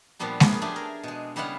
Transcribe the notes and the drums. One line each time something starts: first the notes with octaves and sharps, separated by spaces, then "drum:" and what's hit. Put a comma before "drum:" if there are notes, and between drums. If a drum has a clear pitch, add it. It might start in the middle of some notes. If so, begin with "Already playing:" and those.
A#2 F3 G3 B3 D4
F3 A#3 B3 C#4 G#4, drum: snare G#3
A3 D4 G4 G#4
A#4
B2 G#3
C#3 G3 B3 E4 F5 F#5